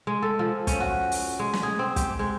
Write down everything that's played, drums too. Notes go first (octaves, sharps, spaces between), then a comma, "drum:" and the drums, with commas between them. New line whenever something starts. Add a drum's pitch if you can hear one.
G#3
A4
F3
C#4, drum: kick, hi-hat
F#4
drum: open hi-hat
G#3
drum: snare
G#4
C4
G4, drum: kick, hi-hat
G#3